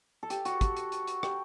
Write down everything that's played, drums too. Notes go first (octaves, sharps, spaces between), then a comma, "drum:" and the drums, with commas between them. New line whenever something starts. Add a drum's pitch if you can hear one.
A4
G4, drum: hi-hat
F#4, drum: hi-hat
drum: kick, hi-hat
drum: hi-hat
drum: hi-hat
drum: hi-hat
G4, drum: rim click